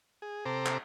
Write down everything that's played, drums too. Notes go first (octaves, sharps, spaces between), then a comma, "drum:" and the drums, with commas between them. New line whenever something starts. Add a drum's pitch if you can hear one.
G#4
C3 A4 C5 A#5 D6
drum: clap